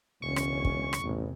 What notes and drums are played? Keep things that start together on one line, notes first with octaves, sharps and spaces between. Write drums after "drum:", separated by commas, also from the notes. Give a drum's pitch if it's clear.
E1 C#2 C#4 C#6
drum: rim click
drum: kick
drum: rim click
A1 E2 C3